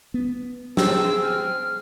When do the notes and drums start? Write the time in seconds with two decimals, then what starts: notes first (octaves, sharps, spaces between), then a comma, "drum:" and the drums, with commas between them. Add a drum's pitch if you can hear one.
0.14 B3
0.77 C4 G#4 E6, drum: snare
1.23 F6